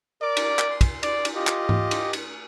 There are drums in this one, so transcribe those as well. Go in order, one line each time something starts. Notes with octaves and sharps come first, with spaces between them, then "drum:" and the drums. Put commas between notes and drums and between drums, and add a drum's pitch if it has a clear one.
A#4 D5 D6
drum: cymbal
drum: clap
C6
drum: kick, cymbal
D5, drum: cymbal
drum: cymbal
F4 G4 D#5
drum: clap
drum: tom G#2
drum: cymbal
drum: cymbal